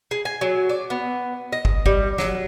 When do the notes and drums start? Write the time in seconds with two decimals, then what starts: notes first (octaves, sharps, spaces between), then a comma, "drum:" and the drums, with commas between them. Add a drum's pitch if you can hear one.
0.11 G#4
0.25 G#5
0.41 F#3
0.69 D5
0.90 B3
1.52 D#5
1.65 drum: kick
1.86 G3, drum: kick
2.18 F#3, drum: snare